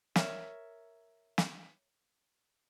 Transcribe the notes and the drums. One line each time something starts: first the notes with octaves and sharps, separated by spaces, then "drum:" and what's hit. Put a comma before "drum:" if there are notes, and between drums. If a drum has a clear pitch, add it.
A#4 C#5 E5, drum: snare
drum: snare